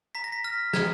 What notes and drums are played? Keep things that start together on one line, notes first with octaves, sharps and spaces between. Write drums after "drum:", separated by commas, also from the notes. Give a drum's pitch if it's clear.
A#5 B6
A#6
B6
F6 A#6
A#5 G#6, drum: snare